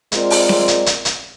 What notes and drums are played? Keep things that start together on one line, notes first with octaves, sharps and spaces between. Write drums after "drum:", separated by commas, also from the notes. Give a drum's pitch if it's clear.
G#3 C4 F4 A#4 D5, drum: hi-hat
drum: open hi-hat
drum: snare C4
drum: hi-hat
drum: hi-hat
drum: hi-hat